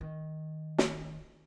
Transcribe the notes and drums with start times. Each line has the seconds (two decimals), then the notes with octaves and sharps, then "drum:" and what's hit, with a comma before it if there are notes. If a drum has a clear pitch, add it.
0.01 D#3
0.78 drum: snare